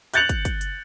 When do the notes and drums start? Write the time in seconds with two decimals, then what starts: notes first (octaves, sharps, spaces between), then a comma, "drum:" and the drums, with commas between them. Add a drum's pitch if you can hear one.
0.14 F#6 G6 A6 C#7 F7 F#7, drum: hi-hat
0.29 drum: kick, hi-hat
0.45 drum: kick, hi-hat
0.61 drum: hi-hat